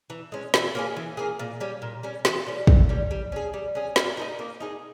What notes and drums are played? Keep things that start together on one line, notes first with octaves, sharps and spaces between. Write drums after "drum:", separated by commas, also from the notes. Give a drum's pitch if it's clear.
E3
G#3 C#4
E3, drum: snare
A#3 C#4 G#4
E3
A#3 C#4 G#4
A#2
G3 C#4
A#2
G3 C#4
E3, drum: snare
G3 C#4
E3, drum: kick
G3 C#4
G3
C#4 G#4
G3
C#4 G#4
A#3, drum: snare
D#4 G#4 D#5
A#3
D#4 G#4 D#5